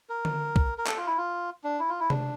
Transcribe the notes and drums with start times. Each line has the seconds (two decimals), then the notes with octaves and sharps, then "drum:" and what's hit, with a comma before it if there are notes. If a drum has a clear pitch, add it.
0.09 A#4
0.25 drum: tom D3
0.56 drum: kick C2
0.78 A#4
0.87 A4, drum: clap
0.97 F4
1.07 E4
1.18 F4
1.64 D4
1.79 E4
1.89 F4
2.00 E4
2.10 D4, drum: tom C3